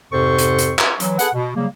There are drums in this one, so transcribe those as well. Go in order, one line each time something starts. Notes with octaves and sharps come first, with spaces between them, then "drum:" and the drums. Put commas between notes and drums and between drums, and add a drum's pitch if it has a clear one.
F2 G#2 C3 A4 C5 C#6
drum: hi-hat
drum: hi-hat
drum: clap
E3 F#3, drum: hi-hat
G#4 A4 B4 F#5, drum: hi-hat
B2
C#3 F#3 G3 A#3